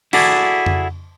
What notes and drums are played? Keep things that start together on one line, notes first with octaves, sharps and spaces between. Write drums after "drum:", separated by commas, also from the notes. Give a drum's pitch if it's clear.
E4 F#4 G#4 A4 D5, drum: cymbal
drum: tom F2